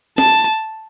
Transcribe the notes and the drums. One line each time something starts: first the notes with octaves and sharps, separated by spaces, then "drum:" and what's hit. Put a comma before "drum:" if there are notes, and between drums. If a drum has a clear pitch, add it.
A5, drum: snare